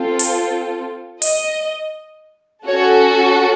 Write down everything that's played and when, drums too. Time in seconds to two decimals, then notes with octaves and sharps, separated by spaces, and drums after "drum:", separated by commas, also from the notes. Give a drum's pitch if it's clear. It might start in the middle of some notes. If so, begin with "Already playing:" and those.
Already playing: C4 F4 A4
0.19 drum: hi-hat
1.22 D#5, drum: open hi-hat
2.67 C#4 F#4 A4 C#5